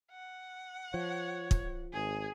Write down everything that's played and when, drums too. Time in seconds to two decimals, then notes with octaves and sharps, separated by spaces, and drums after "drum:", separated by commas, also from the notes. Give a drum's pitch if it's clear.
0.11 F#5
0.94 F3 C#5
1.51 drum: kick
1.93 G#1 G#4 G#5